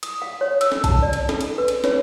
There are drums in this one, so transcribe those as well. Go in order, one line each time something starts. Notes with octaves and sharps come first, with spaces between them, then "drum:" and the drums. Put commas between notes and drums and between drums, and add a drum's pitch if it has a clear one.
D#6, drum: cymbal
F5
C#5
E6, drum: cymbal
drum: snare
A5, drum: kick B1, cymbal
D5
drum: cymbal
A4, drum: snare
drum: cymbal
B4
drum: cymbal
C#5, drum: snare